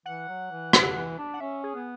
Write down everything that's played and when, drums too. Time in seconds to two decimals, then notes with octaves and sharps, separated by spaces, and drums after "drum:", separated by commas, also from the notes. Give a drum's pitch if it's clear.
0.06 E3 F#5
0.28 F#3
0.51 E3
0.73 D3, drum: rim click
0.96 E3
1.18 D4
1.34 F#5
1.40 C#4 E5
1.64 G#4
1.75 B3